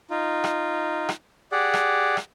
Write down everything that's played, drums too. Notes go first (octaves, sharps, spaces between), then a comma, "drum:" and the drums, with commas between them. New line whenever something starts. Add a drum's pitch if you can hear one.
D#4 F4
drum: rim click
drum: rim click
G4 G#4 D5 F#5
drum: rim click
drum: rim click